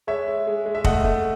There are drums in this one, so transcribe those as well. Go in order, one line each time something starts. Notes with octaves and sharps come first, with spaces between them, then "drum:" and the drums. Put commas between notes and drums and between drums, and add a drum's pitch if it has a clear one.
G#3 C#5 E5
G#3
G#3
G#3
E5
A3 D#5 F#5, drum: kick
A3